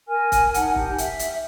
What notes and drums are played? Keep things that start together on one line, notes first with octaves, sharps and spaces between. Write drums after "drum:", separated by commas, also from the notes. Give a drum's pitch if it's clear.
A#4 G#5 F6
drum: kick, hi-hat
D#4 F#5 A5, drum: hi-hat
G4, drum: kick
E5, drum: hi-hat
drum: hi-hat